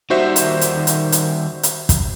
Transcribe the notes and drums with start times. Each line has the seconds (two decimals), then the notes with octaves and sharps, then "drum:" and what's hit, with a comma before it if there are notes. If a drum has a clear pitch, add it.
0.10 D#3 G3 F#4 C5 E5
0.36 drum: hi-hat
0.61 drum: hi-hat
0.87 drum: hi-hat
1.12 drum: hi-hat
1.63 drum: hi-hat
1.89 drum: kick, hi-hat